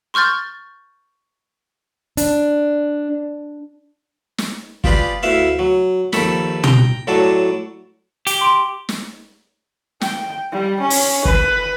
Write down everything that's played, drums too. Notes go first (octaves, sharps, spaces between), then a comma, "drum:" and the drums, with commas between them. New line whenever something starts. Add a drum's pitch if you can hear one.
C6 C#6 F6 G6 A6
D4, drum: hi-hat
drum: snare
F4 G4 G#4 B4 D5, drum: kick
D2 E4 B4 E5 F5
F#3
A#1 D#2 D#3 A4 B5, drum: snare
G5 A#5, drum: tom
A2 F#3 D4 A4
G4, drum: hi-hat
C6 D7
drum: snare
G5, drum: snare
G3
C#4
drum: open hi-hat
B4, drum: kick